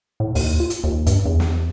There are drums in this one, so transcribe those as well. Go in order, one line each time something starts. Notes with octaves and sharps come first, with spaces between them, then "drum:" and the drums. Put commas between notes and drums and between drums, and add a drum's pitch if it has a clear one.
A2
D#2, drum: open hi-hat
F4
drum: hi-hat
D#2
G2, drum: hi-hat
E2
drum: snare